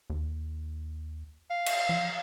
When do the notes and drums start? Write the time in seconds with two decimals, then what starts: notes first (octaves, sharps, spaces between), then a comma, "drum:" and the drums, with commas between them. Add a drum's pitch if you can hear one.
0.10 D#2
1.50 F5
1.66 drum: cymbal
1.89 F3